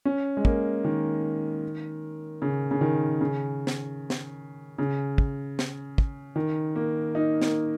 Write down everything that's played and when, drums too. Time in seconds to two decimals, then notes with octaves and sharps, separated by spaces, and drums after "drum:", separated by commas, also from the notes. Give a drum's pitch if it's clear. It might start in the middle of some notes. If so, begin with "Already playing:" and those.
0.05 C#4
0.37 G#3
0.45 A#3, drum: kick
0.84 D#3
2.42 C#3
2.71 C#3
2.81 D#3
3.21 C#3
3.67 drum: snare
4.10 drum: snare
4.78 C#3
5.18 drum: kick
5.59 drum: snare
5.98 drum: kick
6.36 D#3
6.76 A#3
7.15 D#4
7.42 A#3, drum: snare